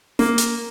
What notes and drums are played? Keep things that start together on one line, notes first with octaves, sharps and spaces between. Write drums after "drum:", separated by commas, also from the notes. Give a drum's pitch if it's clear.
A#3, drum: snare
drum: hi-hat